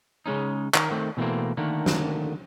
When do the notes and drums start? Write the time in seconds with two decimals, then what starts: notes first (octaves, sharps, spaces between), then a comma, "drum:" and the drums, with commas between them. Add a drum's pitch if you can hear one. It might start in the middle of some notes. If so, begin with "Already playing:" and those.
0.26 C#3 G#3 C#4 D#4
0.74 D#3 A#4, drum: clap
0.90 D#3 A3 C4
1.17 B2 E3 G3 A3 A#3 C4
1.57 D3 D#3 A3 A#3
1.86 drum: snare